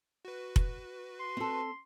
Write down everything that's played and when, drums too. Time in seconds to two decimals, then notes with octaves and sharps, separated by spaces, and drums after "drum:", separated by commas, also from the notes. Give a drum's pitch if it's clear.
0.25 F#4 B4
0.56 drum: kick F1
1.20 C6
1.37 C4 A4